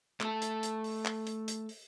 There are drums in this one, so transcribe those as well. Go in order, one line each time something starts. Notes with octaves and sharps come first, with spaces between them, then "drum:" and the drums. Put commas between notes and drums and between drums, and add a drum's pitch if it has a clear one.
A3 A4, drum: clap
drum: hi-hat
drum: hi-hat
drum: open hi-hat
drum: clap
drum: hi-hat
drum: hi-hat
drum: open hi-hat